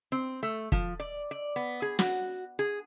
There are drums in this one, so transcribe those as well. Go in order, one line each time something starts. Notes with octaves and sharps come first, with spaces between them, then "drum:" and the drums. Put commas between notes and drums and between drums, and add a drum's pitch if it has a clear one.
C4
A3
F3, drum: kick
D5
D5
B3
G#4
F#4, drum: snare
G#4